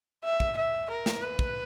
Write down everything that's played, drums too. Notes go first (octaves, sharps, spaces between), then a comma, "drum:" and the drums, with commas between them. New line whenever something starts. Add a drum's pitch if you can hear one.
E5
drum: kick
E5
A#4
drum: snare
B4
drum: kick